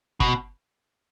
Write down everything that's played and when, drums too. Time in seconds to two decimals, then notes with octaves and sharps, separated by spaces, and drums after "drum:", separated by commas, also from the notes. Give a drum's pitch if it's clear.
0.20 B2, drum: kick